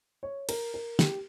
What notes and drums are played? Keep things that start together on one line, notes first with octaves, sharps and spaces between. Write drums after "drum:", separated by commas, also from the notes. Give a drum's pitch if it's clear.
C#5
A#4, drum: cymbal
A#4
G4, drum: snare